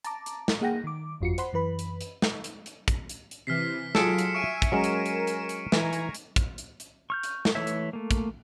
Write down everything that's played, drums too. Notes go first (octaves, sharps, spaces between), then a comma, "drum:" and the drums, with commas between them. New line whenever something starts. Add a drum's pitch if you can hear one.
A5 A#5 D6, drum: hi-hat
drum: hi-hat
drum: snare
A#3 G#4 F#5 G5 A#6
D#3 D6
G1 F2 F4 F#4 C#7
C5 F#5 B5 C6, drum: hi-hat
F#2 E3 B4 B5
drum: hi-hat
drum: hi-hat
drum: snare
drum: hi-hat
drum: hi-hat
drum: kick, hi-hat
drum: hi-hat
drum: hi-hat
C3 E3 F6 B6 C7
F#3 F4 G#4 A4 C#7 D7 E7, drum: snare
drum: hi-hat
E5 G#5 C#6 D7 D#7
drum: kick, hi-hat
F#3 G#3 C#4 A#4 G#5 E7
drum: hi-hat
drum: hi-hat
drum: hi-hat
drum: hi-hat
E3 G#5 A#5 G#6, drum: snare
drum: hi-hat
drum: hi-hat
drum: kick, hi-hat
drum: hi-hat
drum: hi-hat
C#6 F6 G6
drum: hi-hat
drum: snare
E3 A3 C#5 E5
drum: hi-hat
A3 A#3
drum: kick, hi-hat